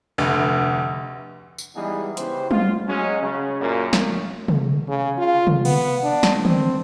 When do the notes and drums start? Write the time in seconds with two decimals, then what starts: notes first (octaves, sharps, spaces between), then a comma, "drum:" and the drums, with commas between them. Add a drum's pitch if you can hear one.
0.18 F1 D2
1.58 drum: tambourine
1.75 E3 G3 G#3 B3 D#4 G#4
2.17 C#3 E3 B3 G4 C5, drum: hi-hat
2.51 F4, drum: tom
2.87 F#3 G#3 C#4
3.22 C#3 C#4
3.60 F#2 A#2
3.93 drum: snare
4.48 drum: tom
4.88 C#3
5.18 F4
5.47 drum: tom
5.65 B3, drum: cymbal
6.03 D4
6.23 drum: snare
6.45 C4, drum: tom